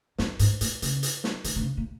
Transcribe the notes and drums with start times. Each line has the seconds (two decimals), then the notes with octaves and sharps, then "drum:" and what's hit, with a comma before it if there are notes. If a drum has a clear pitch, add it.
0.18 F2, drum: snare
0.39 G#2, drum: hi-hat
0.61 A#2, drum: hi-hat
0.82 C#3, drum: hi-hat
1.03 drum: hi-hat
1.24 drum: snare
1.44 E3, drum: hi-hat
1.56 C3
1.61 C#3
1.77 A#2